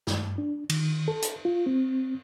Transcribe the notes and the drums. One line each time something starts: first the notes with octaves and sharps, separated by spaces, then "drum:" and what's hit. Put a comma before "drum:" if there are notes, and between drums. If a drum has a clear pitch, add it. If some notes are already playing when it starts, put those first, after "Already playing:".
G2, drum: snare
D4
D#3, drum: cymbal
A4
drum: hi-hat
F4
C4